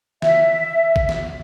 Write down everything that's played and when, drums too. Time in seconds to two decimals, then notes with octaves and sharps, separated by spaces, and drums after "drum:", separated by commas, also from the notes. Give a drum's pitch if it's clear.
0.22 E5, drum: snare
0.96 drum: kick
1.09 drum: snare